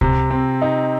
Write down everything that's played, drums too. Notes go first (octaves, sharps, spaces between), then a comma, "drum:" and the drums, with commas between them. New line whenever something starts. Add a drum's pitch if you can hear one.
C3, drum: kick C#2
C4
D#4